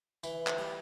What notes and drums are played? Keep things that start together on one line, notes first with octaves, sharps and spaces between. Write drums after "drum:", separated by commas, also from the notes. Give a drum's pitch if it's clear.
E3, drum: tambourine
drum: clap
G3